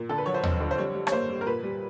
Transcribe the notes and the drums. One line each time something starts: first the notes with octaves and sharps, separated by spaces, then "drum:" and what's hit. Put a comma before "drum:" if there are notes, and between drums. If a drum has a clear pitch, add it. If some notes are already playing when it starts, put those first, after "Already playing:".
Already playing: A#2
D3 A4
B4
F#3 C#5
C5
F2, drum: tom D#2
D3
C5
G3 C#5
G3
C#5, drum: rim click
A#3 C5
G3
A#4
A#2 B4
G3